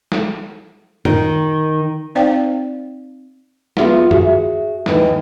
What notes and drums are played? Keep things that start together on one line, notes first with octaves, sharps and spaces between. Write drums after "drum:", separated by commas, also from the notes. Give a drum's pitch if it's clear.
drum: snare
D#3, drum: tom
C4 D#4 C5 D5 F5 G5
B3 F4 G#4 D5 E5 F#5, drum: snare
F#4 G#4 E5, drum: tom
D#2 D#3 E3 D#4, drum: snare